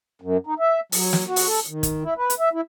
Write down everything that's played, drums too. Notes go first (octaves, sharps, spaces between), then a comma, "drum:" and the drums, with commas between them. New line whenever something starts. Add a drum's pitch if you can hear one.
F#2
D#4
E5
F#3, drum: open hi-hat
drum: snare
F#4
drum: open hi-hat
A4
D#3
drum: kick, hi-hat
E4
B4
drum: hi-hat
E5
E4